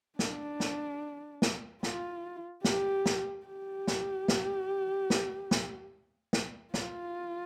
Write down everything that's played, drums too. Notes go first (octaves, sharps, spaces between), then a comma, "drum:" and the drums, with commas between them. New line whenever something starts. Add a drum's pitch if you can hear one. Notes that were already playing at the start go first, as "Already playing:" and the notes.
D4, drum: snare
drum: snare
drum: snare
F4, drum: snare
G4, drum: snare
drum: snare
G4
drum: snare
drum: snare
drum: snare
drum: snare
drum: snare
F4, drum: snare